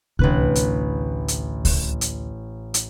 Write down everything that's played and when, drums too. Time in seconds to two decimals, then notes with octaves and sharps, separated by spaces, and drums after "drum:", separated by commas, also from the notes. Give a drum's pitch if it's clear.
0.19 A1 D2 C3 D4 B4 F#6, drum: kick C#2
0.55 drum: hi-hat
1.28 drum: hi-hat
1.65 drum: kick C#2, open hi-hat
2.01 drum: hi-hat
2.74 drum: hi-hat